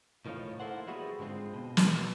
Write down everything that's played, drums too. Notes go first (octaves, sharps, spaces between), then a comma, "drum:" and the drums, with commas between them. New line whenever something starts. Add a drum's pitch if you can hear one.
C2 A2 D#3 F3 C#5 F5
A#3 E4 A4 C5 F#5
F3 G3 B3 E4 F#4 G#4
G#2 D3 G#3 C4 F4
B2
drum: snare